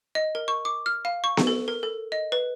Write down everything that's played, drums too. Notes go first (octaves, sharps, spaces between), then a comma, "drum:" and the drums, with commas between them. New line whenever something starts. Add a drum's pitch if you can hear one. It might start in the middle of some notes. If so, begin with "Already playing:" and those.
D#5
A#4
C#6
D6
F6
F5
C#6
drum: snare B3
A4
A#4
A4
D#5
B4